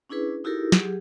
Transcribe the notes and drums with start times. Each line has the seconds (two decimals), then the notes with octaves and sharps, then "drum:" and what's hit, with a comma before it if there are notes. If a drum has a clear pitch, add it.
0.09 C#4 D4 E4 G#4 B4
0.44 D#4 E4 F#4 G4 A4 A#4
0.72 F#3 G4 G#4, drum: snare